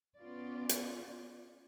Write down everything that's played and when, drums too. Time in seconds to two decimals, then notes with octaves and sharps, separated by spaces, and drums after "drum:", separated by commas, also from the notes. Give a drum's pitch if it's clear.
0.18 B3 C#4 F4 D5
0.69 drum: hi-hat